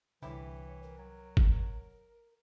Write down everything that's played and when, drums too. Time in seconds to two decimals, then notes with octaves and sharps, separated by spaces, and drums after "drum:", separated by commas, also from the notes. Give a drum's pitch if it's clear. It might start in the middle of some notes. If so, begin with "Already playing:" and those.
0.23 C2 D3 E3 E4 G4 C#5
0.83 A#4
0.98 F#3
1.37 drum: kick G1